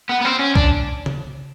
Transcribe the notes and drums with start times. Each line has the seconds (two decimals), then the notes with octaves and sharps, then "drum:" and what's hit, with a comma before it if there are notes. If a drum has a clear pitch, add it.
0.09 B3
0.21 B3
0.25 C4
0.39 C#4
0.55 D4, drum: kick B1
1.06 drum: tom C#3